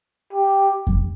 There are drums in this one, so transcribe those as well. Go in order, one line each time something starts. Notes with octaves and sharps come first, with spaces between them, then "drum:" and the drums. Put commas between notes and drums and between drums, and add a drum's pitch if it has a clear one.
G4
drum: kick F2